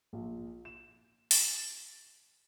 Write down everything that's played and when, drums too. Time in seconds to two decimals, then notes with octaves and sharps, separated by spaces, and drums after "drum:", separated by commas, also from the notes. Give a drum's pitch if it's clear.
0.13 A#1
0.65 E7
1.31 A6, drum: open hi-hat